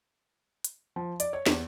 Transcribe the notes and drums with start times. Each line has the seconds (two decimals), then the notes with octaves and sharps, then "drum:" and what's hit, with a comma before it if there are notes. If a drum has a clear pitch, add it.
0.64 drum: hi-hat
0.96 F3
1.20 D5, drum: hi-hat
1.33 C#5
1.46 E2, drum: snare